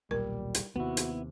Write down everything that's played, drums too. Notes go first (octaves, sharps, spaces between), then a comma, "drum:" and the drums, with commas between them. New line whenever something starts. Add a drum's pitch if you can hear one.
D#1 B1 A#2 G3 A#4
drum: hi-hat
D#2 C3 B3 E4 F#4
drum: hi-hat